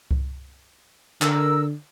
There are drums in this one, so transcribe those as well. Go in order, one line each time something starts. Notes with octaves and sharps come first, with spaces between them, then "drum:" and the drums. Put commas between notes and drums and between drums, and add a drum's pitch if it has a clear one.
drum: kick C2
D3 A#4 E6, drum: clap